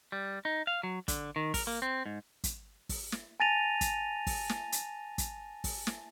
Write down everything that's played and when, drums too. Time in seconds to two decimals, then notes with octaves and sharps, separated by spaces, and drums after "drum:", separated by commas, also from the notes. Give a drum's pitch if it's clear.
0.12 G3
0.45 D#4
0.67 F5
0.83 F#3
1.08 D3, drum: kick, hi-hat
1.36 D#3
1.54 A#4, drum: kick, open hi-hat
1.67 A#3
1.82 C4
2.06 G#2
2.44 drum: kick, hi-hat
2.89 drum: kick, open hi-hat
3.12 drum: snare
3.40 G#5 A5 A6 A#6 D#7 F7
3.81 drum: kick, hi-hat
4.27 drum: kick, open hi-hat
4.49 drum: snare
4.72 drum: hi-hat
5.18 drum: kick, hi-hat
5.64 drum: kick, open hi-hat
5.87 drum: snare